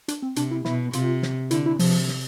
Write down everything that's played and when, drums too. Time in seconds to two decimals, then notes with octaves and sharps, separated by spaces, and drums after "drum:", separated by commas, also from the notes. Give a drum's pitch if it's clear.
0.08 D4, drum: hi-hat
0.22 C4
0.36 C3 D4, drum: hi-hat
0.51 E4
0.65 B2 E4, drum: snare
0.93 C3 F4, drum: hi-hat
1.22 drum: snare
1.51 D3 E4, drum: hi-hat
1.66 E4
1.79 C3 F3, drum: open hi-hat
2.08 drum: snare